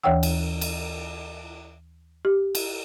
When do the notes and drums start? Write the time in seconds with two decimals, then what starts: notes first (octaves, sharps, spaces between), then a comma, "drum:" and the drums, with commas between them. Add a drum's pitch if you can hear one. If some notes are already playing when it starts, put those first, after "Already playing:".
0.03 D#2 E3 C#5 F#5 G5 E6
0.23 drum: cymbal
0.61 drum: cymbal
2.25 G4
2.55 drum: cymbal